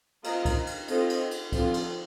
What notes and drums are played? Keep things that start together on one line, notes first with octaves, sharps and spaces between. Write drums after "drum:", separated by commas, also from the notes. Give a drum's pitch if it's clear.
C4 F4 A#4 D#5, drum: cymbal
drum: kick C2, cymbal
drum: cymbal
C4 F4 A4 C5 D#5, drum: cymbal
drum: cymbal
drum: cymbal
D3 F3 C4 F4, drum: kick C2, cymbal
drum: cymbal